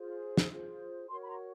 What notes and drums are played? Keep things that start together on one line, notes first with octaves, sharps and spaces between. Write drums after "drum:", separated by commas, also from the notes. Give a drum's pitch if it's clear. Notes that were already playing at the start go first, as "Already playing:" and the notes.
Already playing: F4 G#4 C5
drum: snare
F4 G#4 C5
F#4 A#4 C#5 A#5 C6
B5
A#5 C6